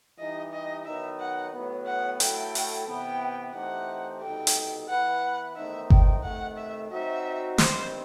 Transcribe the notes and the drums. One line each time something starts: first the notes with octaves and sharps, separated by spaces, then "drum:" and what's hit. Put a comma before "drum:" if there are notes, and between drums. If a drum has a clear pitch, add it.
E3 G3 D#4 G4 D#5
D#5
D#3 F#3 B3 D#4 E5
F#5
A2 F#3 B3
F#5
F#3 A3 E4 A4 G5, drum: hi-hat
drum: open hi-hat
C3 E3 B3 G5
E3 A3 C4 D#4 G4 F#5
C2 B2 G3 D#4 A4 G5
drum: hi-hat
E3 B3 E4 B4 F#5
E2 D#3 A3 C4 D#4 E5
G5, drum: kick G1
C3 D#3 A3 F#5
E5
F#3 C4 D#4 F#4 E5
G2 D#3 G3 C4 C5, drum: snare